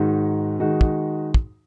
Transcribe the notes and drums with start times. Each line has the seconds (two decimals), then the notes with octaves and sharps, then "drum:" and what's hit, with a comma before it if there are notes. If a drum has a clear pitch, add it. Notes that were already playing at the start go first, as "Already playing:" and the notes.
Already playing: G#2 D#3 G#3 D#4 F#4
0.59 D#3 G#3 D#4 F#4
0.81 drum: kick
1.34 drum: kick